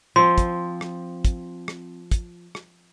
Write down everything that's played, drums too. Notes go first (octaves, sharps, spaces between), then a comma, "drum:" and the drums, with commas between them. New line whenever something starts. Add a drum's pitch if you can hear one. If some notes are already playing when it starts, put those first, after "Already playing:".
F3 C4 C6
drum: kick, hi-hat
drum: rim click
drum: kick, hi-hat
drum: rim click
drum: kick, hi-hat
drum: rim click